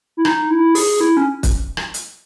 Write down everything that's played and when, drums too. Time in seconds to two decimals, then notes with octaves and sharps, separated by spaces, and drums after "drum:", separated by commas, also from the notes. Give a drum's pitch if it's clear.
0.17 E4
0.25 D#4, drum: rim click
0.50 E4
0.75 G#4, drum: open hi-hat
1.00 E4
1.17 C#4
1.43 drum: kick, hi-hat
1.77 drum: rim click
1.94 drum: hi-hat